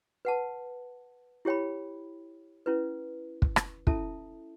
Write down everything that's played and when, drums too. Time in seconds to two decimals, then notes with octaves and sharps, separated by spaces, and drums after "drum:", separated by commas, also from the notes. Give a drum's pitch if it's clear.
0.25 B4 F#5 A5
1.45 E4 G4 C#5 G5 B5
2.66 C#4 E4 B4
3.42 drum: kick
3.56 drum: rim click
3.87 C#4 E4 A4 E5 A5, drum: kick